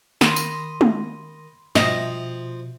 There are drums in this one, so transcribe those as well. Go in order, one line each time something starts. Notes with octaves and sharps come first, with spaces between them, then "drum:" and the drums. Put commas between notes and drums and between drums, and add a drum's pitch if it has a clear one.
D#3 D#5 B5 C6, drum: snare
drum: tambourine
drum: tom G#3
B2 F3 C4 D#5, drum: snare